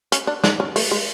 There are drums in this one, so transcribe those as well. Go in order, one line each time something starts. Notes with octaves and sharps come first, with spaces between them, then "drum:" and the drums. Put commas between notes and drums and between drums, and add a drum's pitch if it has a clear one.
C#4, drum: hi-hat
D4
D4, drum: snare
C#4
A3, drum: open hi-hat
G#3